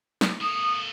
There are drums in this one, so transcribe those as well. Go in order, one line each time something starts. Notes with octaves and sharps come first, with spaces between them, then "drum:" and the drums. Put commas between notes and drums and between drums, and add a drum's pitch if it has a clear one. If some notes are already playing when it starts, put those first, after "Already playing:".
drum: snare
A#3 A4 D#6